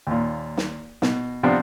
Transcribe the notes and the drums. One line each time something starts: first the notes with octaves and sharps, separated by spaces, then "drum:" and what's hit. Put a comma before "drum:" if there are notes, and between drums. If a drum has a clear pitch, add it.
D#2 A#2
drum: snare
B2, drum: snare
C3 F3 B3 C4 D4